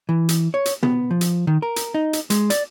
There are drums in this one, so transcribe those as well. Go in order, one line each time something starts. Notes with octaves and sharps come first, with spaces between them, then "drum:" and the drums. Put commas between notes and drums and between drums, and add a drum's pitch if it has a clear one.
E3
drum: hi-hat
C#5
drum: hi-hat
B3, drum: tom
F3
drum: hi-hat
D#3
A#4
drum: hi-hat
D#4
drum: hi-hat
G#3, drum: hi-hat
D5, drum: hi-hat